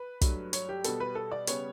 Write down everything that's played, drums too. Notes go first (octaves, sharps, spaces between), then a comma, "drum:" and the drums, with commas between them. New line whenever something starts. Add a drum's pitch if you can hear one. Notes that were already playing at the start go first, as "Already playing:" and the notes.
Already playing: B4
G2 F#3 A3, drum: kick, hi-hat
C#5, drum: hi-hat
G4
B2 G3 B3 A4, drum: hi-hat
B4
A4
D5
C#3 G3 B3 C#5, drum: hi-hat